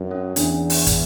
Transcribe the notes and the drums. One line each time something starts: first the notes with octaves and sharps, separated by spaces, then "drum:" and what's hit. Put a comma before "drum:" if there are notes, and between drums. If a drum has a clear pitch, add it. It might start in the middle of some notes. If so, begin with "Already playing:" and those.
Already playing: F#2
C#4
E2 D4, drum: hi-hat
drum: open hi-hat
drum: kick, hi-hat